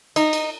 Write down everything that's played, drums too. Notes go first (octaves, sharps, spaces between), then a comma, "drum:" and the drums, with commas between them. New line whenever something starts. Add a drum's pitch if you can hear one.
D#4, drum: cymbal
drum: cymbal